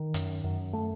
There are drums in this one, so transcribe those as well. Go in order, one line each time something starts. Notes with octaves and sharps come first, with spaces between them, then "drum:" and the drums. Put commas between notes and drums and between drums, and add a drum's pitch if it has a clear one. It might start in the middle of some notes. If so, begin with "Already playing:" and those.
Already playing: D#3
F#2, drum: hi-hat
F#2
A3